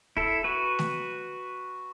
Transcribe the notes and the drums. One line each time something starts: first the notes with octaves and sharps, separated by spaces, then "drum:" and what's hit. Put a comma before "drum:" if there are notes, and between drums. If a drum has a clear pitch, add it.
E4 A4, drum: kick
F#4 B4
drum: snare A3